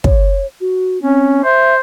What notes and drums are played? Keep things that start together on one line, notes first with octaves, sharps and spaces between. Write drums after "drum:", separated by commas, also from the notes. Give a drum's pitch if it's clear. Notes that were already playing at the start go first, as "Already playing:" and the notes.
C#5, drum: kick
F#4
C4 C#4
C5 E5